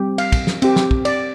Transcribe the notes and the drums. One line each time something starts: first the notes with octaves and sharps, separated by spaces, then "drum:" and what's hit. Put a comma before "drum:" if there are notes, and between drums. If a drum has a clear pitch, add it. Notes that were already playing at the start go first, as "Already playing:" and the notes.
Already playing: G3 C4 G4
F5, drum: cymbal
drum: kick, cymbal
drum: snare
C4 G4, drum: cymbal
drum: snare
drum: kick
D5, drum: cymbal